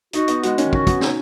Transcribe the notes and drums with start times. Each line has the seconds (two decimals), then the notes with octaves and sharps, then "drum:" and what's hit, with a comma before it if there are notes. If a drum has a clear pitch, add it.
0.13 D#4 F#4, drum: hi-hat
0.28 B3 D#4, drum: hi-hat
0.43 G#3 F#4, drum: hi-hat
0.58 D#3 C#4, drum: hi-hat
0.73 F#4, drum: kick
0.87 B3, drum: kick, hi-hat
1.01 D#4, drum: snare